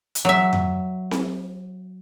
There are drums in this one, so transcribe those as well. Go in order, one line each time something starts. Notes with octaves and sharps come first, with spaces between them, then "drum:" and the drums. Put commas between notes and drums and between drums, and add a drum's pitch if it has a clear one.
drum: hi-hat
F#3 E5
drum: tom F2
drum: snare C4